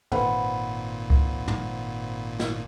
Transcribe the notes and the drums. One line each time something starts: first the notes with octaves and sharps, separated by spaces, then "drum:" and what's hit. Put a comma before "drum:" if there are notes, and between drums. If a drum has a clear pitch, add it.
G#1 A#2 B4 C5 F#5, drum: tom
drum: kick C#2
drum: tom
drum: snare